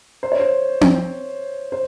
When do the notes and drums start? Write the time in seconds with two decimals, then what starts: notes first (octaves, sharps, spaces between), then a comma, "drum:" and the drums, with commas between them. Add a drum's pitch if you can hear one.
0.23 C5
0.32 C#5
0.40 C5
0.81 drum: tom C4
1.72 C5